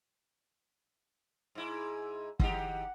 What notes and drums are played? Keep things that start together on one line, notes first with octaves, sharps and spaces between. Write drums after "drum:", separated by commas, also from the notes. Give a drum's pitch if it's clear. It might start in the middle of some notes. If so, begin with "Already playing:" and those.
G#2 E4
D#3 D#4 G4 F#5, drum: kick